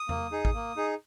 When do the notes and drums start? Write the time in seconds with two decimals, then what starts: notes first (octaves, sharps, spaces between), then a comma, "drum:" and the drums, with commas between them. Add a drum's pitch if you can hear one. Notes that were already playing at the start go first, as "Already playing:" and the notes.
Already playing: D#6
0.09 A#3, drum: tom E2
0.32 D#4 G#4
0.45 drum: kick A1
0.54 A#3
0.77 D#4 G#4